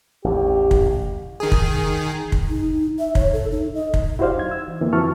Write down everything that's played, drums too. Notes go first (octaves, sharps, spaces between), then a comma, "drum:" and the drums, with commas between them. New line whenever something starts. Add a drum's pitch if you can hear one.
A1 E2 G4
drum: kick
D#3 G#4
drum: kick
drum: kick
D#4
E5
C#5, drum: kick
A4
D#4
D#5
drum: kick
E4 F#4 G4 C5 D5 F5
F#2 D#4 G#6
E6
E3
F2 D3 E3 F3 A#3 C4
F2 E3 F#4 A5 C#6 F6